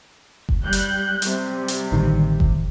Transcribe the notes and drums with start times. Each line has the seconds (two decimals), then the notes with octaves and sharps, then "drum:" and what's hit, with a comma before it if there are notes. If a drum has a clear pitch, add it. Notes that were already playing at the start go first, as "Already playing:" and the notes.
0.49 drum: kick F#1
0.64 G3 F#6 G6
0.73 drum: hi-hat
1.22 C3 G3, drum: hi-hat
1.68 drum: hi-hat
1.92 A1 D3 D#3
2.40 drum: kick F#1